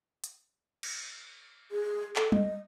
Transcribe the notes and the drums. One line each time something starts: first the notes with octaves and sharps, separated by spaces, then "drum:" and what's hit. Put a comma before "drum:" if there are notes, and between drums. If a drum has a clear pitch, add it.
drum: hi-hat
drum: cymbal
G#4
A4, drum: clap
D#5, drum: tom